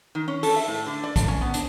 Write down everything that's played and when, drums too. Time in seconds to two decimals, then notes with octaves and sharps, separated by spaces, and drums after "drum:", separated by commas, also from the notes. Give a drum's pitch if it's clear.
0.15 D#3
0.28 C#4
0.43 A4, drum: open hi-hat
0.56 E5
0.68 A2
0.86 D3
1.04 D5
1.16 A5, drum: kick A#1, hi-hat
1.28 C#4
1.41 B3
1.54 D4, drum: hi-hat